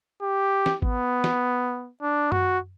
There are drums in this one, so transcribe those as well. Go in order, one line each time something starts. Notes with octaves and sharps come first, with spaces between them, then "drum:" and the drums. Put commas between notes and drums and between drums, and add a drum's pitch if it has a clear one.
G4
drum: snare
B3, drum: kick G#1
drum: snare
D4
F#4, drum: tom F#2